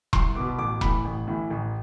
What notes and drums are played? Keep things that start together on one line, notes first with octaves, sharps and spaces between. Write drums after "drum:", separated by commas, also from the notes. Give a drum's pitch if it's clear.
C2 C6, drum: kick E1
B2 B3 D6
A1 D6
A2 E3 B5, drum: kick E1
A1
A2 E3
A1